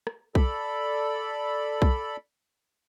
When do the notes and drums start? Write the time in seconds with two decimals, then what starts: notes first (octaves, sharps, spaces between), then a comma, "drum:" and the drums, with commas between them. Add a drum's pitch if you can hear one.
0.07 drum: rim click
0.35 A4 D5 B5, drum: kick B1
1.82 drum: kick B1